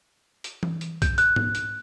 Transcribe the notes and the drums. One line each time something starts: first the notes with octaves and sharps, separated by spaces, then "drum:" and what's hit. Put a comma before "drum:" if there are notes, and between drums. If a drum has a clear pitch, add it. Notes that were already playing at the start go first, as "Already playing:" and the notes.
drum: hi-hat
drum: tom E3
drum: hi-hat
G6, drum: kick B1, hi-hat
F#6, drum: hi-hat
drum: tom
drum: hi-hat